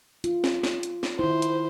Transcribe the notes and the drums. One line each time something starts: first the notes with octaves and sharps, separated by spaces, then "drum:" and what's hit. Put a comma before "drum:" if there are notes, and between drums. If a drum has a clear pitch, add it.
F4, drum: hi-hat
drum: snare
drum: snare
drum: hi-hat
drum: snare
D#3 E4 C5
drum: hi-hat